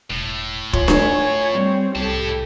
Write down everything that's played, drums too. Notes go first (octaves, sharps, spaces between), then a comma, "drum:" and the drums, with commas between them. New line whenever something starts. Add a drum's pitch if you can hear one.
E1 A2
F4 C#5 G#5, drum: kick
drum: snare D4
G3 C4
C2 E4 G4 A4 A5